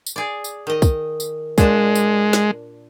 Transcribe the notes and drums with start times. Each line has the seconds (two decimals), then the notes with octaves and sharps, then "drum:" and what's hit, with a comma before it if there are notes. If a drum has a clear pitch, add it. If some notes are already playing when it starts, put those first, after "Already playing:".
0.06 drum: tambourine
0.16 G#4 D5
0.44 drum: tambourine
0.67 D#3 D#5
0.82 drum: kick, tambourine
1.20 drum: tambourine
1.58 A#2 G#3 D4 A5, drum: kick, tambourine
1.95 drum: tambourine
2.33 drum: snare